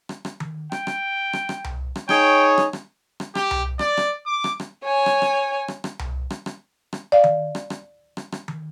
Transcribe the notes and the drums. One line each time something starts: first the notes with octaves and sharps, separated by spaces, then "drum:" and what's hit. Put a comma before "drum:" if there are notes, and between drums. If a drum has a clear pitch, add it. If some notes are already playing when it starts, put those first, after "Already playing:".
drum: rim click
drum: rim click
drum: tom D#3
G5, drum: rim click
drum: rim click
drum: rim click
drum: rim click
drum: tom C2
drum: rim click
D#4 G#4 C#5 G5, drum: rim click
drum: rim click
drum: rim click
drum: rim click
G4, drum: rim click
drum: tom C2
D5, drum: rim click
drum: rim click
D6
drum: rim click
drum: rim click
C#5 G#5
drum: rim click
drum: rim click
drum: rim click
drum: rim click
drum: tom C2
drum: rim click
drum: rim click
drum: rim click
D5 F5
drum: tom D#3
drum: rim click
drum: rim click
drum: rim click
drum: rim click
drum: tom D#3